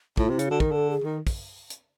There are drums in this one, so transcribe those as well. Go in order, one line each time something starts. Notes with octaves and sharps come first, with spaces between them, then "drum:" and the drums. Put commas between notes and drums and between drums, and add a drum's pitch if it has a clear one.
A2 F4, drum: kick
C3 E4
C#3, drum: hi-hat
D3 F#4
D#3 A#4, drum: kick
D3 A4
G#4
D#3 A#4
drum: kick, open hi-hat
drum: hi-hat